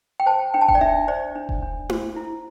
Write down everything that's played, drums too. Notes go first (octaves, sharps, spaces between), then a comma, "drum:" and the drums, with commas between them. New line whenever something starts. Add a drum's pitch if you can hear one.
G5
C5 A5
D4 G5
A5
G5, drum: kick E1
D5
D4 E5
C5 D5
D4
drum: kick E1
D4
C5, drum: tom E4
E4